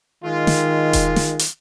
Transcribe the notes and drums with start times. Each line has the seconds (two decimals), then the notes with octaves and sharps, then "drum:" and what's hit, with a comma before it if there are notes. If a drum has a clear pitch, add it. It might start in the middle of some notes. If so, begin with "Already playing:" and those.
0.24 D#3 G#3 F4
0.47 drum: snare
0.93 drum: kick E1, hi-hat
1.16 drum: snare
1.39 drum: hi-hat